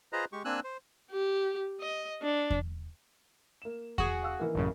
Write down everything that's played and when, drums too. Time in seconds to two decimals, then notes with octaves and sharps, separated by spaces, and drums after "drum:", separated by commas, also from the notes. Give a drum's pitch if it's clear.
0.13 F4 G#4 B4 C5 D#5 A#5
0.32 G#3 G4 C#6
0.45 A#3 C4 D4 G#5 E6 F#6
0.64 C5
1.11 G4
1.81 D#5
2.22 D4
2.50 drum: kick E2
3.62 A#3 E7
3.98 F#4 G#4, drum: kick E2
4.23 F5 E6
4.39 D#3 E3 A#3
4.55 A1 F#2 C#3